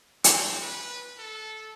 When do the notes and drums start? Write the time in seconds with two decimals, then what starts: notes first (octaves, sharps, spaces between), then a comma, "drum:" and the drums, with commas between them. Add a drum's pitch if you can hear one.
0.24 C4, drum: hi-hat
0.62 B4
1.18 A4